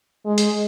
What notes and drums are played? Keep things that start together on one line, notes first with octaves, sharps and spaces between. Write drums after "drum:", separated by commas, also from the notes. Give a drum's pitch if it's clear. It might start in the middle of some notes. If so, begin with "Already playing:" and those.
G#3
drum: hi-hat